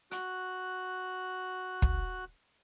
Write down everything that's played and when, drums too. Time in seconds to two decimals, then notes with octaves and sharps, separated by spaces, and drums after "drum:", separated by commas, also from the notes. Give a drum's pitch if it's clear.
0.11 F#4 F#6, drum: hi-hat
1.82 drum: kick